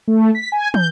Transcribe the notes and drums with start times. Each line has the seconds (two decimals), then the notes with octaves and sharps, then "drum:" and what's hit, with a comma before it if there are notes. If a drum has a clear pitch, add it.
0.08 A3
0.35 B6
0.52 G#5
0.74 G6, drum: tom